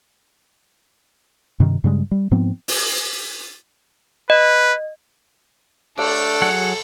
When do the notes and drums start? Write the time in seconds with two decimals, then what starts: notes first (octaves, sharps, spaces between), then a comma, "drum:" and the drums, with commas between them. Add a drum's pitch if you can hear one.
1.60 G2 C3 D#3
1.84 G2 C#3 G3 G#3
2.11 G3
2.31 G#2 F3 B3 C4
2.68 drum: open hi-hat
4.30 B4 D#5
5.98 A3 D4 A4 D6, drum: cymbal
6.42 F#3 G#4 F#5